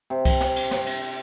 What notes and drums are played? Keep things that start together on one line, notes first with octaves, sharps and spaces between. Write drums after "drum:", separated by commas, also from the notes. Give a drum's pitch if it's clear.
C3
drum: kick C2, cymbal
drum: snare
drum: cymbal
drum: snare
drum: cymbal